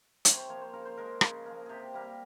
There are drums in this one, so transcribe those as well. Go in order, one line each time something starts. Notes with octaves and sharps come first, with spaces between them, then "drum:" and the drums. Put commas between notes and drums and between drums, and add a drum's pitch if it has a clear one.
C3 C#5, drum: hi-hat
C5
F3 A#3 C#5
C5
C#3 A#4
C5
F3 G#3 A#4
C#3 G#4, drum: rim click
F3 A#3
C3 G4 G#4
G3 A#3